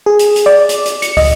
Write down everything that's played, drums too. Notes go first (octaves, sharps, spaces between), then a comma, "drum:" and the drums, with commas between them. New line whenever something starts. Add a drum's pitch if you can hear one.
G#4
drum: hi-hat
drum: hi-hat
D5
drum: hi-hat
drum: hi-hat
C#7, drum: hi-hat
D#5, drum: kick, open hi-hat